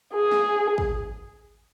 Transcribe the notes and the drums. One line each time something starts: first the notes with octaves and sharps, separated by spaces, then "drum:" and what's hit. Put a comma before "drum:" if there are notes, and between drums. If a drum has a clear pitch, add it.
G#4
drum: snare
drum: kick